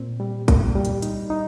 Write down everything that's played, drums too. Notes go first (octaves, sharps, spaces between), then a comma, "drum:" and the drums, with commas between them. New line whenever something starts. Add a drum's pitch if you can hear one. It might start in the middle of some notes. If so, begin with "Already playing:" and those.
Already playing: A#2 C4
G3
A#3, drum: kick, hi-hat
G3
drum: hi-hat
D#4, drum: hi-hat
D#4